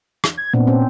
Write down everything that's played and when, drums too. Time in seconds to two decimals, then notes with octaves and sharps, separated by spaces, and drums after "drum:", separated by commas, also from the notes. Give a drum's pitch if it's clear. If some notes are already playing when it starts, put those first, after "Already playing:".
0.24 drum: rim click
0.37 G#6
0.54 A#2 B3 C4 D4
0.67 C4 C#4